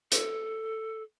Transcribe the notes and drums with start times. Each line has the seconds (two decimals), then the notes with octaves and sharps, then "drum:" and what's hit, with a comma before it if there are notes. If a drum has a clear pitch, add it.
0.12 A4, drum: hi-hat